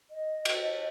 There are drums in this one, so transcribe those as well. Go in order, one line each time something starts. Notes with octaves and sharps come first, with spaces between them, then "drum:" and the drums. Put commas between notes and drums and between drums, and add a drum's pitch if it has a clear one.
D#5
drum: cymbal